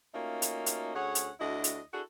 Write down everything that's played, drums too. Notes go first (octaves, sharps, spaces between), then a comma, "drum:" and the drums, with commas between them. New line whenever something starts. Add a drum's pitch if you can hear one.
A3 A#3 C#4 D#4 F4 F#4
drum: hi-hat
drum: hi-hat
D2 C#4 G#4 C#5 F#5
drum: hi-hat
D2 D4 E4 F#4 D#5
drum: hi-hat
D4 E4 F#4 G#4 A4